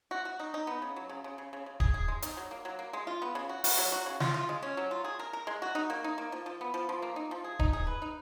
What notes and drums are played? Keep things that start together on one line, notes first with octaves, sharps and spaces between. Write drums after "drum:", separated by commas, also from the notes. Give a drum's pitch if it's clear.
F#4
F#4
D#4
D#4
B3
C#3
F#3
C#3
C#3
C#3
C#3
C#3
G#4, drum: kick D1
G#4
G#3
D#4, drum: hi-hat
F#3
A#3
F#3
A#3
G#3
F4
B3
C#3
F#4
F#4, drum: open hi-hat
F#3
F#4
C#3
F4, drum: snare
F4
G#3
C#4
F#3
F4
G#4
A#4
A#4
G#3
F#4
D#4
A#3
D#4
A#3
F3
F3
B3
F3
F3
A#3
D#4
F3
G#4
D#4, drum: kick D1
G#4
B4
D#4